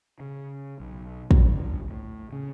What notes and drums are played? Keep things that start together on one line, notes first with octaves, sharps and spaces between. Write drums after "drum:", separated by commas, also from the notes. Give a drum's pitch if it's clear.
C#3
B1
drum: kick
G1
A2
C#3